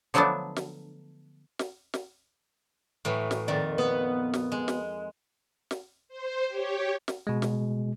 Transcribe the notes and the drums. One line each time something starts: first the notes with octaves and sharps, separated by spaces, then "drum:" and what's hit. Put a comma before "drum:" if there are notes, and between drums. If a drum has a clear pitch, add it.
D3 F3 F#3 A3 B3 D4
drum: snare
drum: snare
drum: snare
A2 E3 F#3
drum: snare
F2 A#2 D#3 D5
B3
drum: snare
G#3
drum: snare
drum: snare
C5
G4 C#5
drum: snare
B2 G#3
drum: snare